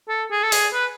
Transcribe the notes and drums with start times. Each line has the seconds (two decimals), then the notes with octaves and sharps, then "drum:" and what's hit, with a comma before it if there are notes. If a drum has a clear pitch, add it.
0.09 A4
0.31 G#4
0.43 A4
0.52 G#4, drum: open hi-hat
0.74 B4